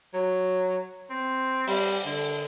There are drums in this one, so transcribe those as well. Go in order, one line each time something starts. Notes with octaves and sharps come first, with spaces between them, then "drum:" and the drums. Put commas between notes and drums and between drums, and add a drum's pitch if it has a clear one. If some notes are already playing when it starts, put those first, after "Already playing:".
F#3
C4
G3, drum: open hi-hat
D3